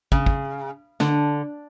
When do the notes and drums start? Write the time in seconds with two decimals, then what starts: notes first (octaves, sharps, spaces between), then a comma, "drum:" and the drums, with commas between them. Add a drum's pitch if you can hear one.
0.12 C#3, drum: kick
0.26 drum: kick
1.00 D3, drum: snare